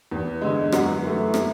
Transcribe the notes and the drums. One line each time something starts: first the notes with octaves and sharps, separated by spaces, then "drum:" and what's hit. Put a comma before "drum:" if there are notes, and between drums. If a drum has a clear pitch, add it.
E2
D3 G#3
F#2 F#4, drum: rim click
E3 A3
E4, drum: rim click